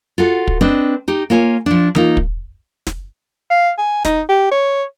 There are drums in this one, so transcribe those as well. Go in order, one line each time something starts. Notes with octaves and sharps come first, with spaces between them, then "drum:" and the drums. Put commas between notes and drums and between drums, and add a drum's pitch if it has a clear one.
F4 F#4 A4
drum: kick
C4 D4 B4 D#5
D#4 G4
A#3 F4 C#5 G#5
F3 D4
A#3 D#4 F4, drum: tom E3
drum: kick
drum: snare
F5
G#5
D#4, drum: snare
G4
C#5